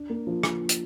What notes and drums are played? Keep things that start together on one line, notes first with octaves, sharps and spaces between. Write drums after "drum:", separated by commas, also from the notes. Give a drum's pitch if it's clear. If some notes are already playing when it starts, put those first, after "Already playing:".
Already playing: D4
A#3
F3
drum: rim click
drum: hi-hat